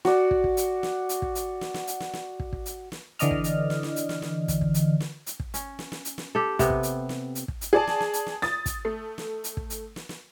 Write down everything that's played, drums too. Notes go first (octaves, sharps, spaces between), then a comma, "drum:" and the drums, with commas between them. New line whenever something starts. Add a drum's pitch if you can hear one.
F#4 D5, drum: snare
drum: kick
drum: kick
drum: hi-hat
drum: snare
drum: hi-hat
drum: kick
drum: hi-hat
drum: snare
drum: snare
drum: hi-hat
drum: snare
drum: snare
drum: kick
drum: kick
drum: hi-hat
drum: snare
D3 E3 D5 D#5 F6, drum: hi-hat
drum: kick
drum: hi-hat
drum: snare
drum: snare
drum: hi-hat
drum: snare
drum: snare
drum: kick, hi-hat
drum: kick
drum: hi-hat
drum: snare
drum: hi-hat
drum: kick
C#4, drum: hi-hat
drum: snare
drum: snare
drum: hi-hat
drum: snare
G4 A4
C3 B3, drum: kick, hi-hat
drum: kick
drum: hi-hat
drum: snare
drum: hi-hat
drum: kick
drum: hi-hat
G#4 D5 A5
drum: snare
drum: snare
drum: hi-hat
drum: snare
D#6 A6, drum: snare
drum: kick, hi-hat
A3
drum: snare
drum: hi-hat
drum: kick
drum: hi-hat
drum: snare
drum: snare